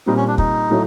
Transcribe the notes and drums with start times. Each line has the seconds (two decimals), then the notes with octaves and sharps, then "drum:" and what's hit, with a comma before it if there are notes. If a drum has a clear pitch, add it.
0.06 A#2 G3 C4 D#4
0.17 C#4
0.27 D4
0.38 D#4, drum: kick
0.70 A2 F#3 A3